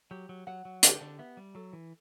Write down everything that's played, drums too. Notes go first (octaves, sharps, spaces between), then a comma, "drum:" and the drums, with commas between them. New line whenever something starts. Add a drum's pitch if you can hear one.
F#3 G4
F#3
F#3 F#5
F#3
D3 D4 G4, drum: hi-hat
D3 D4
B3 E5
G3
F#3 A4
E3